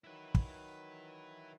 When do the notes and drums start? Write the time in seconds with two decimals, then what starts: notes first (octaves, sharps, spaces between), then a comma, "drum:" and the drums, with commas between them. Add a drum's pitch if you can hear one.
0.04 D#3 F#3 E4 B4
0.35 drum: kick